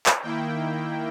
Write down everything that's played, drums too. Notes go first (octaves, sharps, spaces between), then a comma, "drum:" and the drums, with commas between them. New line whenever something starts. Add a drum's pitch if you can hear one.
drum: clap
D#3 A#3 E4 G5